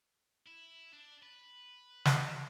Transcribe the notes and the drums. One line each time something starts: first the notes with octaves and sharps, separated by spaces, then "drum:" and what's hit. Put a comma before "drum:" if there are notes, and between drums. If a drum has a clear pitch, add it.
E4
D4
B4
drum: snare